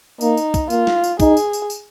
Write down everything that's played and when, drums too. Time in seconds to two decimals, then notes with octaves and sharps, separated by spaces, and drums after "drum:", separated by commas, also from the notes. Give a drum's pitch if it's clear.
0.21 A#3 D#4, drum: tambourine
0.37 drum: tambourine
0.54 drum: kick, tambourine
0.70 A#3 F4, drum: tambourine
0.87 drum: snare
1.04 drum: tambourine
1.20 D#4 G#4, drum: kick, tambourine
1.37 drum: tambourine
1.53 drum: tambourine
1.70 drum: tambourine